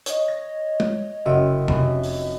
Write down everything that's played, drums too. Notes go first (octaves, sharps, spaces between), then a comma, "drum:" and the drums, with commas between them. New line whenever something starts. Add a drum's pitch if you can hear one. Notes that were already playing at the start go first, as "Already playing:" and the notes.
C#5 D#5, drum: hi-hat
A#6
drum: tom
F#1 F#4 D#5 E5
F1, drum: tom
drum: open hi-hat